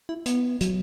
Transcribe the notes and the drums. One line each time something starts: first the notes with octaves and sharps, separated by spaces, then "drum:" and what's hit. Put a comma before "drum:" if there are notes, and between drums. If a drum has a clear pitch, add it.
E4
B3, drum: hi-hat
F#3, drum: hi-hat